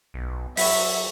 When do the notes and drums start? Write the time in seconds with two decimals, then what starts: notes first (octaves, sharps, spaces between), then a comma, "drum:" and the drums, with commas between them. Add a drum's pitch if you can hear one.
0.14 B1
0.57 F#3 E4 E5 C#6 B6, drum: open hi-hat